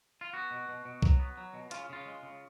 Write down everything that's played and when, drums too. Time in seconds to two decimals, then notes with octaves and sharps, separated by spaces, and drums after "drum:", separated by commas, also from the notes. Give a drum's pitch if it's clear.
0.21 F4
0.33 B3 F#4
0.51 B2
0.69 B2
0.85 B2
1.02 F#3, drum: kick C2
1.20 B3
1.37 F#3
1.54 B2
1.71 C#3 F4, drum: hi-hat
1.90 C#3 F4
2.06 G#3
2.23 C#3